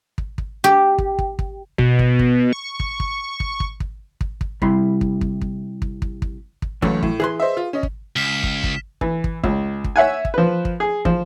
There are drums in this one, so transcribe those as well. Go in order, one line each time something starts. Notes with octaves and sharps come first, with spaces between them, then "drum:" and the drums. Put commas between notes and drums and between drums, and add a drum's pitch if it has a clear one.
drum: kick
drum: kick
G4
drum: kick
drum: kick
drum: kick
B2, drum: kick
drum: kick
drum: kick
C#6
drum: kick
drum: kick
drum: kick
drum: kick
drum: kick
drum: kick
drum: kick
C3 G3 E4 B5 C6, drum: kick
drum: kick
drum: kick
drum: kick
drum: kick
drum: kick
drum: kick
drum: kick
C#2 E3 F#3 A3 C#4, drum: kick
A2, drum: kick
E3 G#4 B4 C6
C5 D#5 E5
F4
C#4 D#5
drum: kick
C#2 F6 B6 E7
drum: kick
drum: kick
E3, drum: kick
drum: kick
C#2, drum: kick
drum: kick
C#5 E5 F#5 G#5
drum: kick
F3 B4
drum: kick
G#4
F3, drum: kick